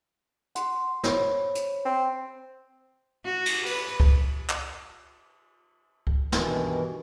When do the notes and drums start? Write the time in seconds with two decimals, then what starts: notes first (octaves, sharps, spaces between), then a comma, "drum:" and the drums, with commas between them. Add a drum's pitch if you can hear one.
0.55 F#5 C6, drum: hi-hat
1.04 C5 C#5 B5, drum: snare
1.55 drum: hi-hat
1.85 C4
3.25 F#4
3.46 drum: cymbal
3.66 B4, drum: open hi-hat
4.00 drum: kick C#2
4.49 drum: clap
6.07 drum: kick C#2
6.32 G2 B2 D#3 E3, drum: snare